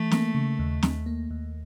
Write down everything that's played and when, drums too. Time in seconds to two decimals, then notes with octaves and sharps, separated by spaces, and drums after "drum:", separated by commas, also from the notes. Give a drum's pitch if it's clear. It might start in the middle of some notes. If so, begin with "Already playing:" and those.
Already playing: E3 A3
0.11 A#3, drum: snare
0.35 C#3
0.59 D#2
0.83 D#2, drum: snare
1.06 A#3
1.31 D#2